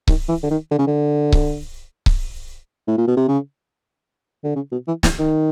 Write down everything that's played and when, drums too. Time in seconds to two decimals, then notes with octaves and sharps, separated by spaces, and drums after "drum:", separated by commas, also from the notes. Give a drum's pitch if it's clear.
0.08 D#3, drum: kick C#1
0.28 E3
0.43 D3
0.50 D#3
0.71 D3
0.79 C#3
0.87 D3
1.32 drum: kick C#1
2.06 drum: kick C#1
2.88 A2
2.98 A#2
3.07 B2
3.17 C3
3.28 C#3
4.44 D3
4.56 C#3
4.72 B2
4.88 E3
5.03 E3, drum: snare
5.19 D#3